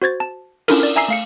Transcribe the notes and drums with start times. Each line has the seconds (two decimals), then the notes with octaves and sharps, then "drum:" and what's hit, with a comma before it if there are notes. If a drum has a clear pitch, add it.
0.02 F#4 C5 G#6 A6
0.20 A5
0.68 C#4 D4 E4 F4 A4 A#4, drum: cymbal
0.80 A#4 D5
0.96 E5 G#5 A#5 E6 C7
1.08 A3 F5 C#7